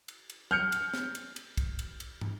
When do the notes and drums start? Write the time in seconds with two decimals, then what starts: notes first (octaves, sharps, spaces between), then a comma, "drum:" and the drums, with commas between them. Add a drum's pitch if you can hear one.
0.08 drum: cymbal
0.30 drum: cymbal
0.51 F6 G6 C#7, drum: tom F#3
0.72 drum: cymbal
0.94 drum: snare
1.15 drum: cymbal
1.36 drum: cymbal
1.57 drum: kick, cymbal
1.79 drum: cymbal
2.00 drum: cymbal
2.21 drum: tom